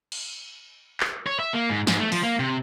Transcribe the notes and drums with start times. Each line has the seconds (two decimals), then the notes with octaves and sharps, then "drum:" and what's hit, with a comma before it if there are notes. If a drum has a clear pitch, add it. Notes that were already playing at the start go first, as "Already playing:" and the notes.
0.12 drum: cymbal
1.00 drum: clap
1.27 C#5
1.39 E5
1.54 A#3
1.69 G#2
1.87 G#2, drum: snare
1.99 A3
2.12 F3, drum: open hi-hat
2.23 A#3
2.39 C3